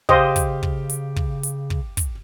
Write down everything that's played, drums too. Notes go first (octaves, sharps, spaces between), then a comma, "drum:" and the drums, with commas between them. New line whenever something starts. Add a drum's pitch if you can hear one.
C#3 G4 C5 D#5 F5, drum: kick
drum: kick, hi-hat
drum: kick
drum: hi-hat
drum: kick
drum: hi-hat
drum: kick
drum: kick, hi-hat